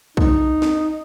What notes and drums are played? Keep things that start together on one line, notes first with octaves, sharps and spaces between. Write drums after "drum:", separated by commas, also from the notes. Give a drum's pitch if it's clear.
D#4, drum: kick
drum: snare